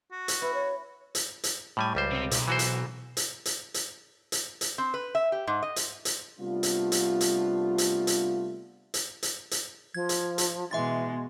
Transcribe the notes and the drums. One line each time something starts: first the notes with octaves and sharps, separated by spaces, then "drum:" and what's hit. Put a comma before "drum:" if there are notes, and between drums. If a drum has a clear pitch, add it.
F#4
drum: hi-hat
E4 B4
C#5
drum: hi-hat
drum: hi-hat
A2 G3 G#5
C#2 G3 C5
C3 C4
B1, drum: hi-hat
E3 F#4 C5
drum: hi-hat
drum: hi-hat
drum: hi-hat
drum: hi-hat
drum: hi-hat
drum: hi-hat
C4
B4
E5
G4
G#2
D#5
drum: hi-hat
drum: hi-hat
C3 G3 A3 B3 D4 F4
drum: hi-hat
drum: hi-hat
drum: hi-hat
drum: hi-hat
drum: hi-hat
drum: hi-hat
drum: hi-hat
drum: hi-hat
F3 G#6
drum: hi-hat
drum: hi-hat
B2 E3 G#3 E5 C6 A6